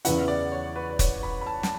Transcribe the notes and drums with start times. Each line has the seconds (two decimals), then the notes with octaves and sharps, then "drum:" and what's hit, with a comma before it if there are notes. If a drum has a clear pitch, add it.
0.05 E2 C#3 E3 B3 E4 F#5, drum: hi-hat
0.28 D5
0.52 C#5
0.76 B4
0.90 D5
0.99 C#5, drum: kick, hi-hat
1.23 B5
1.41 B5
1.47 A5
1.63 A5, drum: snare